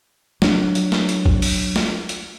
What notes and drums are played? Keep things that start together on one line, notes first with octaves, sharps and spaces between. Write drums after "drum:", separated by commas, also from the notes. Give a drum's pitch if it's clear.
F#3 D4, drum: snare
drum: hi-hat
drum: snare
drum: hi-hat
drum: kick
drum: open hi-hat
drum: snare
drum: hi-hat